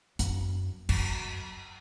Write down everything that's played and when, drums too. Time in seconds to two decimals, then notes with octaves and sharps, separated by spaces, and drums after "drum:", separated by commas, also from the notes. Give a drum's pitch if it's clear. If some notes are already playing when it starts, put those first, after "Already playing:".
0.19 F#2, drum: hi-hat
0.89 F#2, drum: cymbal